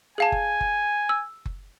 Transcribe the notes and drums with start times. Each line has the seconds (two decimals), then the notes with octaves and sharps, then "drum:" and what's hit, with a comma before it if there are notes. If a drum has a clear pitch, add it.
0.18 G#4 F5 G#5 A5
0.32 drum: kick F#1
0.61 drum: kick F#1
1.09 E6
1.46 drum: kick F#1